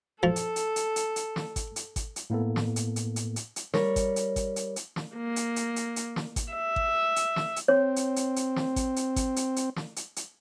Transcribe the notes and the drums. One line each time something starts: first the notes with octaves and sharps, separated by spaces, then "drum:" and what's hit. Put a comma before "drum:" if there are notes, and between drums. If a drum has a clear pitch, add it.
F3 A4
drum: hi-hat
drum: hi-hat
drum: hi-hat
drum: hi-hat
drum: hi-hat
drum: snare
drum: kick G#1, hi-hat
drum: hi-hat
drum: kick G#1, hi-hat
drum: hi-hat
A2 A#3 B3 A4
drum: snare
drum: hi-hat
drum: hi-hat
drum: hi-hat
drum: hi-hat
drum: hi-hat
G3 A#4 C#5, drum: snare
drum: kick G#1, hi-hat
drum: hi-hat
drum: kick G#1, hi-hat
drum: hi-hat
drum: hi-hat
drum: snare
A#3
drum: hi-hat
drum: hi-hat
drum: hi-hat
drum: hi-hat
drum: snare
drum: kick G#1, hi-hat
E5
drum: kick G#1
drum: hi-hat
drum: snare
drum: hi-hat
C4 C#5
drum: hi-hat
drum: hi-hat
drum: hi-hat
drum: snare
drum: kick G#1, hi-hat
drum: hi-hat
drum: kick G#1, hi-hat
drum: hi-hat
drum: hi-hat
drum: snare
drum: hi-hat
drum: hi-hat